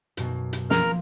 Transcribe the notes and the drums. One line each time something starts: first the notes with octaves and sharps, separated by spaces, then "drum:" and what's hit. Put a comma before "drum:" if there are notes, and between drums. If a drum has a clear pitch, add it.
F#2 B2, drum: hi-hat
drum: hi-hat
F3 A#3 A#4 F6, drum: snare